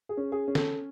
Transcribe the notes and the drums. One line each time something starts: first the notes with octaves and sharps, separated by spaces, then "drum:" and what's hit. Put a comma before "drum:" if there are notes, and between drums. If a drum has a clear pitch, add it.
G#4
C#4
G#4
C#4
A4, drum: snare